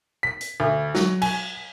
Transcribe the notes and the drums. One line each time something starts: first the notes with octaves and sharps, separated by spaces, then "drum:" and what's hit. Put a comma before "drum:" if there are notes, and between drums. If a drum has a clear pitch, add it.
B6
drum: hi-hat
D2
F#3, drum: snare
G#5, drum: cymbal